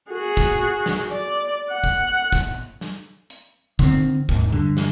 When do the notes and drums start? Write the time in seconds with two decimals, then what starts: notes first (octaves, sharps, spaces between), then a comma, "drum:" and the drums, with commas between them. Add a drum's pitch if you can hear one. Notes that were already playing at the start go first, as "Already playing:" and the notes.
0.11 F#4 G#4
0.37 drum: kick, hi-hat
0.86 drum: snare
1.11 D5
1.72 F#5
1.84 drum: kick, hi-hat
2.32 drum: kick, hi-hat
2.81 drum: snare
3.30 drum: hi-hat
3.79 D3 D#3 G#3 C4, drum: kick, hi-hat
4.29 D#2 G#2, drum: kick, hi-hat
4.52 G2 D3
4.77 drum: snare